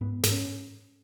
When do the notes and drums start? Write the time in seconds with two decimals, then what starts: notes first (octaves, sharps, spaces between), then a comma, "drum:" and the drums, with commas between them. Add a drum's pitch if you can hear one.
0.01 G#2 B3
0.23 G#2, drum: snare
0.31 C#4